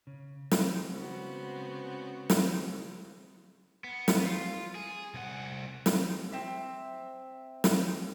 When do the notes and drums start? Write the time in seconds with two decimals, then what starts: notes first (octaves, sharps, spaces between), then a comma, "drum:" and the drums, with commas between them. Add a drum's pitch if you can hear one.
0.07 C#3
0.51 drum: snare
0.89 C#3 G#3 B3 C4 F#4
2.30 drum: snare
3.84 B3
4.08 drum: snare
4.26 F4
4.75 G#4
5.14 C2 F#5
5.86 drum: snare
6.32 C4 E5
7.64 drum: snare